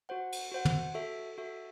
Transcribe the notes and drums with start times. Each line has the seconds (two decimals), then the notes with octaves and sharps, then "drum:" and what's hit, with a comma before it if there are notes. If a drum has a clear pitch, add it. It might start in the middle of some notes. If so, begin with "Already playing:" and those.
0.09 F#4 C5 F#5
0.32 drum: cymbal
0.52 F#4 C5 F#5
0.65 drum: tom
0.94 F#4 A4 E5
1.38 F#4 A4 E5